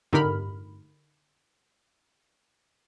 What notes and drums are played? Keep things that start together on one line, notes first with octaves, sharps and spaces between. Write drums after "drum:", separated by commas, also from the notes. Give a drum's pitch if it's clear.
D3 D#4 G4 A#4 B5 F6, drum: tom